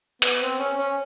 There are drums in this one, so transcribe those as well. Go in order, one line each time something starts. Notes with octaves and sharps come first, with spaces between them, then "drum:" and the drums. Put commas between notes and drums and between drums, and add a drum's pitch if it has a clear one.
B3, drum: hi-hat
C4
C#4
C#4